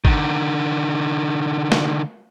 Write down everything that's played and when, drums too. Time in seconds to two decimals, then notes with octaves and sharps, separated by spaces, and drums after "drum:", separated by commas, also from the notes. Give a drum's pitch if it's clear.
0.05 D3 D#3, drum: kick
1.72 drum: snare